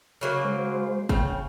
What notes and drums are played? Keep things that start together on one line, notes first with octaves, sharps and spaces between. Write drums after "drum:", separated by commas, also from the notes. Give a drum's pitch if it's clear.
C#3 F#3 A#3
G#3 C5
C#3 G5, drum: kick